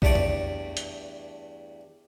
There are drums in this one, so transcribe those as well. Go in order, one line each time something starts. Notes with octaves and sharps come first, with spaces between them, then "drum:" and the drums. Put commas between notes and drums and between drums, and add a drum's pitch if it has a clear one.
E2 G2 A3 C#5 D5, drum: kick B1
drum: tom F2
drum: hi-hat